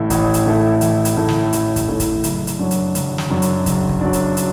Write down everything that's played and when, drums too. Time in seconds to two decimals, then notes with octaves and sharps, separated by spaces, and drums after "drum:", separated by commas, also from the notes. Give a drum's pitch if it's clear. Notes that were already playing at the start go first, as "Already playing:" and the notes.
Already playing: A1 A2 A3 E4 A4
0.10 A1, drum: kick, hi-hat
0.34 drum: hi-hat
0.46 A2 A3 E4 A4
0.81 A1, drum: hi-hat
1.05 drum: hi-hat
1.17 A2 A3 E4 A4
1.29 drum: snare
1.53 A1, drum: hi-hat
1.76 drum: kick, hi-hat
1.88 A2 A3 E4 A4
2.00 drum: kick, hi-hat
2.24 F#1, drum: hi-hat
2.47 drum: hi-hat
2.59 F#2 F#3 D4
2.71 drum: hi-hat
2.95 F#1, drum: hi-hat
3.18 drum: snare
3.30 F#2 F#3 D4
3.42 drum: hi-hat
3.66 F#1, drum: kick, hi-hat
3.89 drum: kick
4.01 F#2 F#3 D4
4.13 drum: hi-hat
4.37 drum: hi-hat